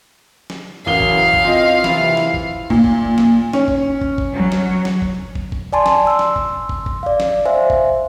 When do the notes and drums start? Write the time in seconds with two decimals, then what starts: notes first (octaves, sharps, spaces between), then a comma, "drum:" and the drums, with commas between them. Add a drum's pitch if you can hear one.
0.50 drum: snare
0.86 A1 F#2 F5 G7
1.00 drum: kick
1.34 drum: kick
1.45 C4 F4 D#5
1.84 D#2 C3 E3 E4 F4, drum: snare
2.17 drum: snare
2.34 drum: kick
2.70 A#2, drum: kick
2.84 drum: kick
3.18 drum: snare
3.53 C#4, drum: snare
3.68 drum: kick
4.01 drum: kick
4.18 drum: kick
4.33 F#3
4.52 drum: snare
4.85 drum: snare
5.02 drum: kick
5.35 drum: kick
5.52 drum: kick
5.73 D5 G#5 A5 C6
5.86 drum: snare
6.07 C6 E6
6.19 drum: snare
6.36 drum: kick
6.69 drum: kick
6.86 drum: kick
7.03 D5 F5
7.20 drum: snare
7.45 C5 E5 F5 G#5
7.70 drum: kick